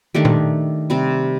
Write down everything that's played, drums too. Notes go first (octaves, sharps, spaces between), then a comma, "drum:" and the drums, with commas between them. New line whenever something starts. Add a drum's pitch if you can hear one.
D#3 A3 D4 G4
drum: tom A#2
C3 G3 C4